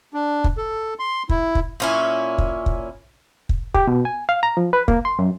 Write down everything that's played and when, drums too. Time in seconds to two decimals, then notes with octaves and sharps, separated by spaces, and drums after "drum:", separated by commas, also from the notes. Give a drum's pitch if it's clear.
0.14 D4
0.44 drum: kick
0.57 A4
0.99 C6
1.29 E4, drum: kick
1.55 drum: kick
1.80 A#2 C#4 E4
2.38 drum: kick
2.66 drum: kick
3.49 drum: kick
3.74 G4, drum: kick
3.87 B2
4.05 G#5
4.29 F5
4.43 A#5
4.57 F3
4.73 B4
4.88 A#3, drum: kick
5.05 C6
5.19 F#2